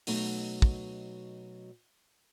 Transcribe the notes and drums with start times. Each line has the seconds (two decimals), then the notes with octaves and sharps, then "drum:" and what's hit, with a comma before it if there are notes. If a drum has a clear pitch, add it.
0.07 B2 F#3 A3 D#4, drum: open hi-hat
0.62 drum: kick